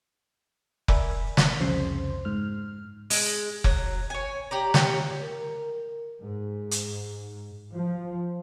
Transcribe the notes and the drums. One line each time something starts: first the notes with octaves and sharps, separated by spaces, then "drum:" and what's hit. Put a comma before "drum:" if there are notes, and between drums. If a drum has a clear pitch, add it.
A#4 D5 E5 G#5 B5, drum: kick F1
B6, drum: snare
C2 F2 C#3 C5 C6
G#2 F6
G#3, drum: open hi-hat
F#3, drum: kick F1
C#5 G#5
G4 D5 A#5
G4 C#5, drum: snare
A#4
G#2
drum: hi-hat
F3